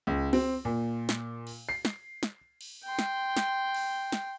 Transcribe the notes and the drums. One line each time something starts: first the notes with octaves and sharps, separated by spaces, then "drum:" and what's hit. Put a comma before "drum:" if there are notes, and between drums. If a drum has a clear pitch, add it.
C#2
C4, drum: cymbal
A#2
drum: snare
drum: cymbal
C7
drum: snare
drum: snare
drum: cymbal
G5 C6
drum: snare
drum: snare
drum: cymbal
drum: snare